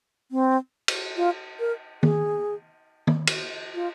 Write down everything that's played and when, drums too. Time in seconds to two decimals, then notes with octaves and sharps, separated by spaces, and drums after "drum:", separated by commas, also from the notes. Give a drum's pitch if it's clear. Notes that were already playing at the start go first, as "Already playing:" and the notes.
0.31 C4
0.88 drum: cymbal
1.17 F4
1.60 A#4
2.03 G#4, drum: tom
3.07 drum: tom
3.27 drum: cymbal
3.75 F4